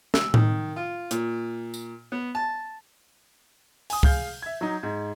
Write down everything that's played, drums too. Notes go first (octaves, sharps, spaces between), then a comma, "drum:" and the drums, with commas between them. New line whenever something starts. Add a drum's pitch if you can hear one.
E6, drum: snare
D#3, drum: tom A2
F4
A#2, drum: hi-hat
drum: tambourine
B3
A5
G#5 D#6, drum: open hi-hat
G#4 F5 F6 G6, drum: kick
E5 G#6
F#3 D#4
G#2